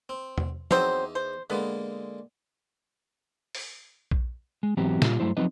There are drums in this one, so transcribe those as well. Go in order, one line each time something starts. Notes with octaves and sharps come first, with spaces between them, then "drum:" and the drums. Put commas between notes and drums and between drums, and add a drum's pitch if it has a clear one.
C4
drum: tom E2
E2 F#3 C4 D#4 C5 E5, drum: tom
C5
D3 G#3 A#3 B3
drum: open hi-hat
drum: kick A#1
G#3
G#2 E3 F#3 B3 C4 G4
A#2 G3 F4, drum: snare
G2 F#3 A3 E4 C5
F3 F#3 C4 D#4 B4 D#5